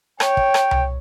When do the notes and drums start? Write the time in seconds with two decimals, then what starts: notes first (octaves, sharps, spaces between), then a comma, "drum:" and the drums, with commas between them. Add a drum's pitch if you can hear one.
0.20 C#5 G5, drum: rim click
0.37 drum: kick
0.54 drum: rim click
0.71 drum: tom C2